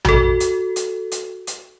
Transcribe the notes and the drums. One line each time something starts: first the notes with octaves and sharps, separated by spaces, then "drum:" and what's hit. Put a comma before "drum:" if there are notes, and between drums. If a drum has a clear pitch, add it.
F#4 A4, drum: tom A#1
drum: hi-hat
drum: hi-hat
drum: hi-hat
drum: hi-hat